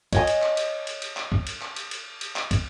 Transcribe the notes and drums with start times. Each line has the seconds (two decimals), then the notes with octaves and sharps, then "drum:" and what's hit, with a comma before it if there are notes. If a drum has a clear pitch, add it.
0.13 C#5 D#5 G#5, drum: kick, cymbal
0.27 drum: cymbal
0.42 drum: clap
0.57 drum: cymbal
0.87 drum: cymbal
1.02 drum: cymbal
1.17 drum: clap
1.32 drum: kick
1.47 drum: cymbal
1.62 drum: clap
1.76 drum: cymbal
1.91 drum: cymbal
2.21 drum: cymbal
2.36 drum: clap
2.51 drum: kick, cymbal